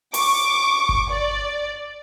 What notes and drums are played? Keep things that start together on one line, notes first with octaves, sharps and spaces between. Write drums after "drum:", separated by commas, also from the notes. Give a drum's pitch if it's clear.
C#6 D6, drum: open hi-hat
drum: kick G1
D5